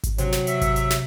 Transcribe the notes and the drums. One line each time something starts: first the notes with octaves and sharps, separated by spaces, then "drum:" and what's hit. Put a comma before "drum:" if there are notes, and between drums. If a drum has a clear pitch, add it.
drum: kick G#1, hi-hat
C3 F#3, drum: hi-hat
drum: snare
E5, drum: hi-hat
drum: kick G#1, hi-hat
drum: hi-hat
drum: snare